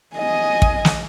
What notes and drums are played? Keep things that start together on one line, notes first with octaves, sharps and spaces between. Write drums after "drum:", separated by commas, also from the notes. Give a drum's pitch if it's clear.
D#5 G#5
drum: kick
drum: snare